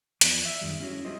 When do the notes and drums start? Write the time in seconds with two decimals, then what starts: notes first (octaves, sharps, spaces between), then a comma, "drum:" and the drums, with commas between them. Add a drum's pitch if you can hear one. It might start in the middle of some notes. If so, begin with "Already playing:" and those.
0.21 E2 F3 B3 E4 F4 D5, drum: hi-hat
0.45 E5
0.61 F#2 D#3 G3
0.80 C#4 E4 F#4 G#4 C#5
1.05 G3 E4 F4 G#4 C5 D#5